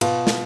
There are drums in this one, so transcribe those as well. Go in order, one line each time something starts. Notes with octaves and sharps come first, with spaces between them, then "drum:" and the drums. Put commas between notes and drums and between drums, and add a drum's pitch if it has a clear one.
B2 F4, drum: cymbal
drum: snare